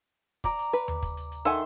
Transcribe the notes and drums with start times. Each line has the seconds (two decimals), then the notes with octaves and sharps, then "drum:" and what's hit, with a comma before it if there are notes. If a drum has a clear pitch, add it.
0.44 D5 A#5 D6, drum: kick, hi-hat
0.59 drum: hi-hat
0.73 B4, drum: hi-hat
0.88 drum: tom D#2
1.03 drum: kick, hi-hat
1.17 drum: hi-hat
1.32 drum: hi-hat
1.45 D#3 A4 E5 F#5 G#5 C6